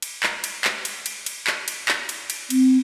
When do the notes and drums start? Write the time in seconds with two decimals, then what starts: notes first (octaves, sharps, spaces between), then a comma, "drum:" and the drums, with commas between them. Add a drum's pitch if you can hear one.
0.02 drum: cymbal
0.23 drum: clap
0.44 drum: cymbal
0.64 drum: clap
0.85 drum: cymbal
1.06 drum: cymbal
1.26 drum: cymbal
1.47 drum: clap
1.68 drum: cymbal
1.88 drum: clap
2.09 drum: cymbal
2.30 drum: cymbal
2.50 C4, drum: cymbal